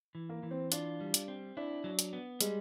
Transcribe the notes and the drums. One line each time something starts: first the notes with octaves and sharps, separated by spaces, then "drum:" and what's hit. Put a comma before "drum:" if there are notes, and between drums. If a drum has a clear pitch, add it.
E3
A#3
E3
C4
D4 F4, drum: hi-hat
G3
drum: hi-hat
C4
D4 E4
F#3
drum: hi-hat
B3
G3 G#3, drum: hi-hat